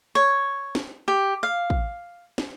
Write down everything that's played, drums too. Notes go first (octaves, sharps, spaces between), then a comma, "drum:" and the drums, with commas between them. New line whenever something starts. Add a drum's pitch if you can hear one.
C#5
drum: snare
G4
F5
drum: kick
drum: snare